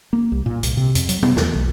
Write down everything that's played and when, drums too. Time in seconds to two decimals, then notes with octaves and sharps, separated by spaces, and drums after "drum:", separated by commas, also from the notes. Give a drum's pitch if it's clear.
0.13 A#3
0.32 C2
0.46 A#2
0.63 C2, drum: hi-hat
0.77 C3
0.95 F2, drum: hi-hat
1.09 F#3, drum: hi-hat
1.23 B3, drum: tom B2
1.37 E2, drum: snare
1.55 B1